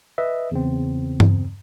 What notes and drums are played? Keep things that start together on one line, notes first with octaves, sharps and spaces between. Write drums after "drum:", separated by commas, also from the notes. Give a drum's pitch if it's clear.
B4 D#5 E5
E2 C#3 C4
drum: tom G2